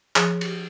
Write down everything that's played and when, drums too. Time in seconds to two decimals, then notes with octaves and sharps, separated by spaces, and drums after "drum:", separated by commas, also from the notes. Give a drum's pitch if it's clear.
0.16 F3 G#4, drum: clap
0.41 drum: cymbal